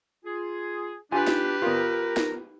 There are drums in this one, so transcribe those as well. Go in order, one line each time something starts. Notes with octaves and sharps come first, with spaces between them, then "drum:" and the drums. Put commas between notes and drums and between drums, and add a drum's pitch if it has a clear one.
F4 G#4
D4 F4 G4 B4 G#5
drum: snare
B3 F4 A#4
drum: snare